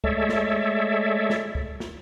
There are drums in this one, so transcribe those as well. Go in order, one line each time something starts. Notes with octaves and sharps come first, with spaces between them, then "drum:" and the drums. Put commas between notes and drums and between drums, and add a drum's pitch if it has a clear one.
G#3 A3 A4 C#5 D5 E5, drum: kick
drum: snare
drum: snare
drum: kick
drum: snare